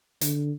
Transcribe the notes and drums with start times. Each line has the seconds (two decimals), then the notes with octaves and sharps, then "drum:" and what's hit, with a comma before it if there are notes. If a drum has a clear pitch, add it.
0.21 D3, drum: hi-hat